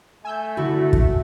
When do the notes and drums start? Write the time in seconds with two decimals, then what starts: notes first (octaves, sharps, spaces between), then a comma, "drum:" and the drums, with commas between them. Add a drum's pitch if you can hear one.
0.25 A3 G#5 E6 G6
0.57 D3 E4 F#4
0.93 drum: kick